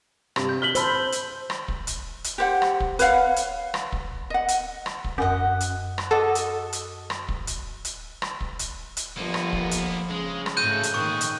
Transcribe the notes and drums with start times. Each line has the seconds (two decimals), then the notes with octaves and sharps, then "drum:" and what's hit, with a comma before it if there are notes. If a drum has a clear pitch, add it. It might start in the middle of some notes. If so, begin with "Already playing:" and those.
0.36 G2 C3, drum: rim click
0.49 G6
0.62 F6 B6 F#7 G7
0.75 C5 A5 B5 E6, drum: hi-hat
1.12 drum: hi-hat
1.50 drum: rim click
1.68 drum: kick
1.87 drum: hi-hat
2.24 drum: hi-hat
2.38 G4 C5 F#5
2.62 drum: rim click
2.80 drum: kick
2.99 B4 C#5 F5 F#5, drum: hi-hat
3.36 drum: hi-hat
3.74 drum: rim click
3.92 drum: kick
4.30 D#5 F#5
4.48 drum: hi-hat
4.86 drum: rim click
5.04 drum: kick
5.18 F#2 F#4 D#5 F#5
5.60 drum: hi-hat
5.98 drum: rim click
6.11 F#4 A4 D#5 D6
6.35 drum: hi-hat
6.73 drum: hi-hat
7.10 drum: rim click
7.29 drum: kick
7.47 drum: hi-hat
7.85 drum: hi-hat
8.22 drum: rim click
8.41 drum: kick
8.59 drum: hi-hat
8.97 drum: hi-hat
9.17 G1 F3 A#3 B3
9.34 drum: rim click
9.53 drum: kick
9.71 drum: hi-hat
10.11 C#3 G#3
10.46 drum: rim click
10.57 G#2 A3 F#4 A4 F#6 G6 D#7
10.83 drum: hi-hat
10.94 A#2 D#3 G#4 C#6
11.21 drum: hi-hat